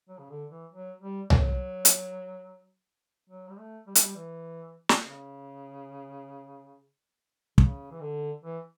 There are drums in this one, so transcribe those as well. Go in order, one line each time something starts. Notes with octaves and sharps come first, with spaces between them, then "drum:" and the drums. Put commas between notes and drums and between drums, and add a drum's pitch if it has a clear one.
F#3
C#3
D3
E3
F#3
G3
F#3, drum: tom C2
drum: hi-hat
F#3
G3
A3
G3
A3, drum: hi-hat
G3
E3
drum: snare
C#3
C#3, drum: kick
E3
D3
E3